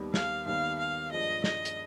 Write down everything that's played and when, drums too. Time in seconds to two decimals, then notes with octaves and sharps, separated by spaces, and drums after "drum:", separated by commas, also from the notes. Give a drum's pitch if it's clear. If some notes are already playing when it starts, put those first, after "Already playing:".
Already playing: D#2 D#3 G3 B3
0.14 F5, drum: snare
0.46 D#2 D#3 G3 B3 F5
0.79 F5
1.12 G2 F3 G#3 D#5
1.44 D#5, drum: snare
1.65 drum: hi-hat